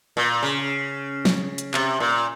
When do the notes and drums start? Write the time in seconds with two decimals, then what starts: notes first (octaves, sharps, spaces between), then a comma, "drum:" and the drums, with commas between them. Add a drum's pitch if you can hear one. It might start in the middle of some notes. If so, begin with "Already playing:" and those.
0.17 A#2
0.43 C#3
1.25 drum: snare
1.58 drum: hi-hat
1.74 C3, drum: clap
2.00 A#2